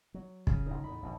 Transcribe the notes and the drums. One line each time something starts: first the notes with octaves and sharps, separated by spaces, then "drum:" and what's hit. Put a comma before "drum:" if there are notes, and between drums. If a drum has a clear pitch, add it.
F#3
C#3, drum: kick
G1 A2 D#4
E2 A2 B5
A#1 E2 B2